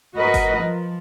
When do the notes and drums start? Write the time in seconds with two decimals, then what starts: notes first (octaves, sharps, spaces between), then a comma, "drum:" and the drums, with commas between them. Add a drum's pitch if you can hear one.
0.17 F#4 A#4 B4 D#5
0.34 drum: kick G1, open hi-hat
0.59 F3